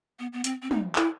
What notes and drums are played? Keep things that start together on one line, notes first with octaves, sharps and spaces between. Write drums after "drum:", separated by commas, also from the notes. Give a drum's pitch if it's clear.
B3
B3
C4, drum: hi-hat
C4
D#4, drum: tom
E4, drum: clap